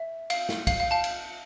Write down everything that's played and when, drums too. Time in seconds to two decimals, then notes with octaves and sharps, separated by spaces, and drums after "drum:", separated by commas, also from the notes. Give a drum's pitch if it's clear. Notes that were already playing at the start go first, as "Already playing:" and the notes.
Already playing: E5
0.30 F5, drum: cymbal
0.49 drum: snare
0.67 F5, drum: kick, cymbal
0.80 F5
0.91 F5 A5
1.04 drum: cymbal